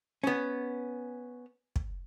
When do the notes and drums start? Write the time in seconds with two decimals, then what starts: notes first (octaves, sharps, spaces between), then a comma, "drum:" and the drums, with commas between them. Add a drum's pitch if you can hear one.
0.24 B3 C#4
1.76 drum: kick